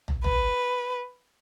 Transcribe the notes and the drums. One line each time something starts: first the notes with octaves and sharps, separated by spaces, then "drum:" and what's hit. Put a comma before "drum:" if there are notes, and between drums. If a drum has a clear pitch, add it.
drum: tom
B4, drum: tom